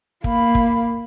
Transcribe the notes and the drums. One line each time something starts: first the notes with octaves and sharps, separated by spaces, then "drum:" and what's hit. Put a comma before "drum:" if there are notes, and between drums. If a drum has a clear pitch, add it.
A#3 F5 B5, drum: kick
drum: kick